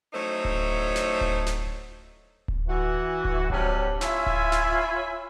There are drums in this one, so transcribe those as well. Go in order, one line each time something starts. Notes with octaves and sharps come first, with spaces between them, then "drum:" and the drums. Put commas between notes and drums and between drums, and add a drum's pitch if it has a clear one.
F#3 A3 C#4 D#4 E4 C5
drum: kick D1
drum: snare
drum: kick D1
drum: snare
drum: kick D1
E3 F#4
drum: kick D1
C3 F#3 G3 C#4 D4 G4, drum: kick D1
E4 F4 C#5 E5 G#5, drum: snare
drum: kick D1
drum: snare